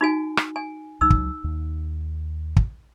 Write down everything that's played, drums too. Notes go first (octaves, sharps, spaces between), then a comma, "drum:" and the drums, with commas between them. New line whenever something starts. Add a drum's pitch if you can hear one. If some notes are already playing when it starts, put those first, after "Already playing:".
D#4 F#4 G#5
drum: rim click
G#5
C#2 F#3 D#4 E6
drum: kick
D#2
drum: kick